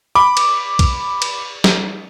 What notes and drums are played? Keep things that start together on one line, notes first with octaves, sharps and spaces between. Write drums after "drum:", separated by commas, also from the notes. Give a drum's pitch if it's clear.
B5 D6
drum: cymbal
drum: kick B1, cymbal
drum: cymbal
drum: snare